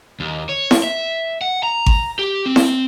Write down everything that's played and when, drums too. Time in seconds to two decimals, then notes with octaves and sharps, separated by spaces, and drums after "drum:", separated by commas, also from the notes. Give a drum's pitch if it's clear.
0.20 D#2
0.49 C#5
0.71 drum: snare E4
0.84 E5
1.41 F#5
1.63 A#5
1.86 drum: kick G#1
2.19 G4
2.46 C4
2.56 drum: snare E4